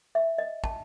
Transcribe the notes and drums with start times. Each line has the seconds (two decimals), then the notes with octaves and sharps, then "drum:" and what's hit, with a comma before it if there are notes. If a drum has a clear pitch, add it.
0.15 E5
0.38 D#5
0.64 A5, drum: kick